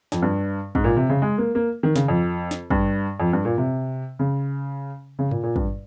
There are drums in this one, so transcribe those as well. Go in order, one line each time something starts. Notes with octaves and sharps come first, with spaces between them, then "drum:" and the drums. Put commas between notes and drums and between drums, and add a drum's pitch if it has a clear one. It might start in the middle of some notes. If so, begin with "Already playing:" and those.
F2, drum: snare
G2
G#2, drum: kick
A#2
C3
C#3
G#3
A#3
A#3
D#3
C#3, drum: snare
F2
drum: snare
G2, drum: kick
F2
G2
A#2
C3
C#3
C#3
A#2, drum: tom G2
A#2
G2, drum: kick